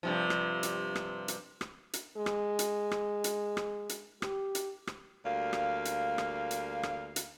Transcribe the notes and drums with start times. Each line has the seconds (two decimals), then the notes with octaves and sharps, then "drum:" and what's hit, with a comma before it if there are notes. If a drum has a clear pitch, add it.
0.03 G2 C3 F3
0.30 drum: rim click
0.63 drum: hi-hat
0.96 drum: rim click
1.28 drum: hi-hat
1.61 drum: rim click
1.93 drum: hi-hat
2.17 G#3
2.26 drum: rim click
2.59 drum: hi-hat
2.91 drum: rim click
3.24 drum: hi-hat
3.57 drum: rim click
3.89 drum: hi-hat
4.22 G4, drum: rim click
4.55 drum: hi-hat
4.87 drum: rim click
5.26 D2 G3 A#3 F5
5.53 drum: rim click
5.85 drum: hi-hat
6.18 drum: rim click
6.51 drum: hi-hat
6.83 drum: rim click
7.16 drum: hi-hat